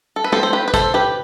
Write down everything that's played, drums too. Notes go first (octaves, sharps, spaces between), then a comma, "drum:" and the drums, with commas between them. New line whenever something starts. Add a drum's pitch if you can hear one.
A4
B4
F3 C4 A4 C5, drum: tom G#3
C5
G4 B4
B4
A4 C5, drum: kick, hi-hat
G4 B4